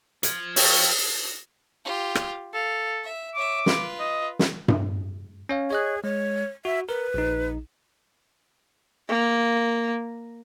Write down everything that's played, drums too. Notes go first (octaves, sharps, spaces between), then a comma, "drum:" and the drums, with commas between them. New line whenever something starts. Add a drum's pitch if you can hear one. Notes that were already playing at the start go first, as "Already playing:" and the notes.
F3 F6 G#6, drum: hi-hat
C#5 F5 G5 E6 A#6, drum: open hi-hat
F4 G4
drum: rim click
A4 F5
E5
C#5 E5 D6
F4 B4, drum: snare
D#5
drum: snare
drum: tom G2
C#4 C#5 F5
G#4 C#5 D#5 F#6
G#3 C#5
F#4 E5
A#4 B4
A#1 D#4
A#3